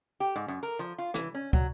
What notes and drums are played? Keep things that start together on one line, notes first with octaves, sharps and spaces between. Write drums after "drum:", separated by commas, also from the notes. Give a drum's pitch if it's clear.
G4
G#2
F#2
A#4
F3
F4
E3, drum: rim click
C#4
F#3, drum: kick